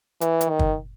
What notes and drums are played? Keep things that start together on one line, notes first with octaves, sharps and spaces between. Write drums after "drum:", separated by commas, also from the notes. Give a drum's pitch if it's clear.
E3, drum: hi-hat
drum: hi-hat
D#3
drum: kick